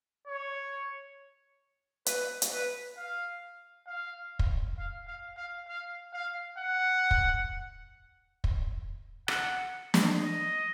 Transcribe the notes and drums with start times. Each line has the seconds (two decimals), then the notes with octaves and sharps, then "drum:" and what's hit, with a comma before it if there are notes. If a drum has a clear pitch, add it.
0.27 C#5
2.06 B4, drum: hi-hat
2.42 drum: hi-hat
2.52 B4
2.97 F5
3.87 F5
4.39 drum: kick
4.78 F5
5.07 F5
5.37 F5
5.68 F5
6.13 F5
6.58 F#5
7.11 drum: kick
8.44 drum: kick
9.28 F#5, drum: rim click
9.94 drum: snare
10.18 D#5